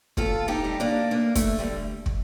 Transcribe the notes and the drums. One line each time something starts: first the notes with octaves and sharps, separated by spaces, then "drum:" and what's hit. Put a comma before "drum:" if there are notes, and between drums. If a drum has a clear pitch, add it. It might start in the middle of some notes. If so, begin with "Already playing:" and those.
D2 F4 A4, drum: kick
D#4 G4
D3 G3
A#3 D4
D2 A#3
A3, drum: kick, hi-hat
D3 G3
drum: kick